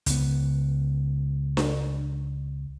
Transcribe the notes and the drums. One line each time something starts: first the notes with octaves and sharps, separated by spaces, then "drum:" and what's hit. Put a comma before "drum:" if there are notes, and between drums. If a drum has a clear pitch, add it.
C#2 B3, drum: hi-hat
drum: snare D4